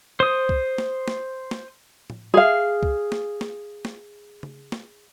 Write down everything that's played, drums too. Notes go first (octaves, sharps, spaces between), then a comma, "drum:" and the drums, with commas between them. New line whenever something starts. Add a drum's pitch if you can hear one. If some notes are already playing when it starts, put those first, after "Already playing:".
C5 D#6
drum: kick C2
drum: snare
drum: snare
drum: snare
drum: tom A2
G#4 F5
drum: kick C2
drum: snare
drum: snare
drum: snare
drum: tom
drum: snare